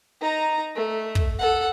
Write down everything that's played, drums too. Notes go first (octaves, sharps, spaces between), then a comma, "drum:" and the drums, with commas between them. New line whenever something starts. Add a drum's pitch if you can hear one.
D#4 A#5
A3
drum: kick
A4 F#5